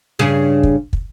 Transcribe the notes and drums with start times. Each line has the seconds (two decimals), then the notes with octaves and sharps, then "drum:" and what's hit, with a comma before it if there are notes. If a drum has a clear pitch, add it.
0.19 G2 C#3 G#4
0.63 drum: kick
0.93 drum: kick